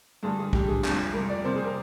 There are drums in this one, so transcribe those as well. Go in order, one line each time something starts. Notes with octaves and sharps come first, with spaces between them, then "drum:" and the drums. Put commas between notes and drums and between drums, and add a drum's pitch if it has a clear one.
G2 D3 G3 G#4
G#4
G2 D3 G3 G4, drum: kick
G#4
F2 C3 G3, drum: clap
F2 C3 G3 A#4
D5
C3 G3 A#3 C5
G#4
A#4